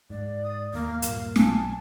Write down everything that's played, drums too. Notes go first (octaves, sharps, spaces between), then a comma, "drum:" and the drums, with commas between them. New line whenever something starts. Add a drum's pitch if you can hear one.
G#2 D5
D#6
D#2 A#3 F5
G2 A#2 A#4, drum: hi-hat
B1 G#5 A5, drum: snare